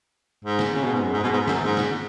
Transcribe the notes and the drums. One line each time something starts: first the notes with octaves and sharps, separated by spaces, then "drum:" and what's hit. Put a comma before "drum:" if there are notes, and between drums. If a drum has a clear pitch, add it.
G#2
drum: snare
C#3
B2
G#2
F#2
G#2
B2
G#2
F#2, drum: snare
G#2
drum: snare